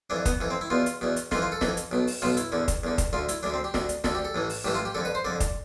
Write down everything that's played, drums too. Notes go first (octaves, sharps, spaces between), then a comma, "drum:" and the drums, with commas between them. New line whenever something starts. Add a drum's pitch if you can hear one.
F2 E3 D4
B3, drum: kick, hi-hat
F2 E3
C4
E4
E2 B2 F4
drum: hi-hat
E2 B2
drum: hi-hat
F2 E3 F4, drum: snare
F4
A4
F2 E3, drum: snare
drum: hi-hat
B1 B2
drum: open hi-hat
B1 B2 F4, drum: tom
E4, drum: hi-hat
E2 D3
drum: kick, hi-hat
E2 D3
drum: kick, hi-hat
D2 D3 F4
E4, drum: hi-hat
D2 D3 D4
C4
G4
D2 D3, drum: snare
drum: hi-hat
D2 D3 A4, drum: snare
G4
A4
A1 A2 E3
drum: open hi-hat
A1 A2 E3 G4
F4
G4
F2 D3 A4
B4
C5
F2 D3 D5
drum: kick, hi-hat